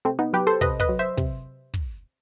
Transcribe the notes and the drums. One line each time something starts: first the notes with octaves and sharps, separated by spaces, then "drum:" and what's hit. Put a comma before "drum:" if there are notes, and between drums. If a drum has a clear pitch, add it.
C3 A3 C4
B3 D#4
F#3 G4 B4
A4 C5
C3 B4 D#5, drum: kick
B4 D#5, drum: kick
F#3
C5 E5
C3, drum: kick
drum: kick